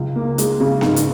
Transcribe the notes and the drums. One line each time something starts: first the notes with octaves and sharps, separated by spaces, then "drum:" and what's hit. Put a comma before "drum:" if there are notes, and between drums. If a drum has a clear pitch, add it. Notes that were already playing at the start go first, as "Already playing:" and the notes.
Already playing: C#2
A#3
G#3, drum: hi-hat
C#3
G#2, drum: snare B3
drum: hi-hat